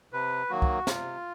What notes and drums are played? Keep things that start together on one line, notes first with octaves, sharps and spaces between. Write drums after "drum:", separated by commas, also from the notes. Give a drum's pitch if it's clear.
C3 B4
D#3 F#3 A#3 F#4
drum: kick
C3 F4, drum: snare